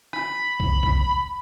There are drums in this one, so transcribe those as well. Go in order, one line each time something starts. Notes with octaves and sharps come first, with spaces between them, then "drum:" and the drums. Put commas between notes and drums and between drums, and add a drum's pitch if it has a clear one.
B5, drum: rim click
drum: kick C2
drum: kick C2